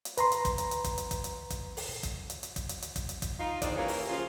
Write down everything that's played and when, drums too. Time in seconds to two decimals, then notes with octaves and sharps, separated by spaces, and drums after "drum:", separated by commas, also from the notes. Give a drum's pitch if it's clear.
0.05 drum: hi-hat
0.17 B4 A#5 C6, drum: hi-hat
0.32 drum: hi-hat
0.45 drum: kick, hi-hat
0.58 drum: hi-hat
0.71 drum: hi-hat
0.84 drum: kick, hi-hat
0.98 drum: hi-hat
1.11 drum: kick, hi-hat
1.24 drum: hi-hat
1.50 drum: kick, hi-hat
1.77 drum: open hi-hat
2.03 drum: kick, hi-hat
2.30 drum: hi-hat
2.43 drum: hi-hat
2.56 drum: kick, hi-hat
2.69 drum: hi-hat
2.82 drum: hi-hat
2.96 drum: kick, hi-hat
3.09 drum: hi-hat
3.22 drum: kick, hi-hat
3.39 D#4 F4
3.62 E2 D#3 C4 D4 D#4 D5, drum: kick, hi-hat
3.77 E3 A#3 C#4 F4 G4 C#5
3.88 drum: open hi-hat
4.09 C#3 F3 F4